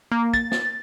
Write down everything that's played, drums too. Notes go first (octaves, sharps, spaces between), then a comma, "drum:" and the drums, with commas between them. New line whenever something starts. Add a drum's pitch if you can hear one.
A#3
A6, drum: kick
drum: snare